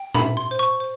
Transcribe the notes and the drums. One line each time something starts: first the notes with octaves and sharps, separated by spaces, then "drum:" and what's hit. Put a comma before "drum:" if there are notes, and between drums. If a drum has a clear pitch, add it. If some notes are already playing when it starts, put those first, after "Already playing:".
Already playing: G5
B5, drum: tom
E5
C6
C5
C#6
C5